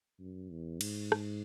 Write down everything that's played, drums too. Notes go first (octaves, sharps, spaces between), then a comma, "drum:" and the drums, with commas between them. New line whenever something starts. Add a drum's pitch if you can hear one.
F#2
E2
G#2, drum: cymbal
drum: rim click